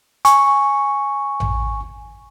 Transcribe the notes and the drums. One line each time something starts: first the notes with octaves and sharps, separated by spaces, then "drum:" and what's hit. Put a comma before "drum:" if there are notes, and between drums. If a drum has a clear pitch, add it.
G#5 C#6, drum: hi-hat
drum: tom A1